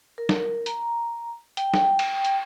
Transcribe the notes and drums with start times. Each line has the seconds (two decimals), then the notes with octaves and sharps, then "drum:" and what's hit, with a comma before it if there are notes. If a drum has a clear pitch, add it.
0.18 A#4
0.29 drum: snare
0.66 A#5, drum: hi-hat
1.57 G5, drum: hi-hat
1.74 drum: snare
1.99 drum: cymbal
2.25 drum: hi-hat